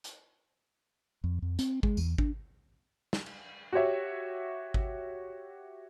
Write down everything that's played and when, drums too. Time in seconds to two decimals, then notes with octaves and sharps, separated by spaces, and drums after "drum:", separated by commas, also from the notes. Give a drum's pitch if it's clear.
0.04 drum: hi-hat
1.24 F2
1.42 F2
1.59 C4, drum: hi-hat
1.83 G#3, drum: kick G#1
1.97 E2, drum: tambourine
2.18 D4, drum: kick G#1
3.13 drum: snare
3.26 drum: cymbal
3.73 F#4 G4 C#5 E5
4.74 drum: kick G#1